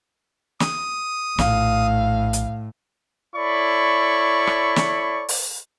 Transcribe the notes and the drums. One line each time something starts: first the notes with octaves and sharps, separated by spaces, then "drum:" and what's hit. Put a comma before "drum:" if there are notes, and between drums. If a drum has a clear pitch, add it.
D#6, drum: snare
A#1 A2 F5, drum: snare
drum: hi-hat
E4 A4 C#5 D5 B5 C#6
drum: rim click
drum: snare
drum: open hi-hat